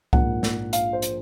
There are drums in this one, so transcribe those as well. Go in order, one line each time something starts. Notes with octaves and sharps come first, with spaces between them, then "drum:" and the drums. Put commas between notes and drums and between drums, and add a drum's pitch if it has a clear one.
A#1 G#2 F3 A#3 F#5, drum: kick C2
drum: snare
F5, drum: hi-hat
C5
drum: hi-hat